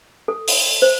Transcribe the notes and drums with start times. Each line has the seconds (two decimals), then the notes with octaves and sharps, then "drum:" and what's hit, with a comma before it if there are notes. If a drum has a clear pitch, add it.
0.28 A4
0.48 drum: open hi-hat
0.82 C5